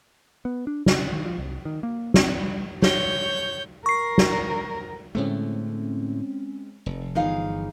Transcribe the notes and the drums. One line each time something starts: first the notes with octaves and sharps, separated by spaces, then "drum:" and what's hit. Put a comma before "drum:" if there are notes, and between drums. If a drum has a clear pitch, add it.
B3
D4
C#3, drum: snare
D#3
F3
C2
D#3
A#3
C4, drum: snare
G3
C#5 G6, drum: snare
A#4 C#6 C7
drum: snare
A2 D3 G#3 A3 C4 C#4
F1
G1 E3 F3 D#4 G#4 F5